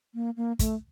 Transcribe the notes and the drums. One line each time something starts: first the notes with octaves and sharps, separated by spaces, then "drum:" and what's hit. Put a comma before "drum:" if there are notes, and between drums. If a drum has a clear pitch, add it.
A#3
A#3
A3, drum: kick, hi-hat